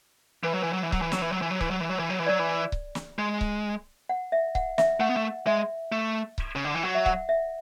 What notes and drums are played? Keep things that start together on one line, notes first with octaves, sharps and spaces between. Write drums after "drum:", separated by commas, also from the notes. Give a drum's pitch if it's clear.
E3 B4
F#3
E3
F#3
E3
F#3, drum: kick C#1
E3
F#3, drum: snare
E3
F#3
E3
F#3
E3, drum: kick C#1
F#3
E3
F#3
E3
F#3
E3
F#3 D5
E3
drum: kick C#1
drum: snare
G#3
drum: kick C#1
F#5
E5
F#5, drum: kick C#1
E5, drum: snare
A3 F#5
B3
A3
G#3 E5
A3
drum: kick C#1
C#3
D3
E3
F#3 F#5
E5
F#5, drum: kick C#1
E5